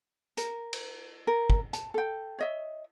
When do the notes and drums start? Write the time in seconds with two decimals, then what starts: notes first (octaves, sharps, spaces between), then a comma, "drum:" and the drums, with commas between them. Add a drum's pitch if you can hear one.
0.37 A#4, drum: hi-hat
0.73 drum: cymbal
1.27 A#4
1.50 drum: kick
1.73 A5, drum: hi-hat
1.94 A4 G5
2.39 C#5 D#5 E5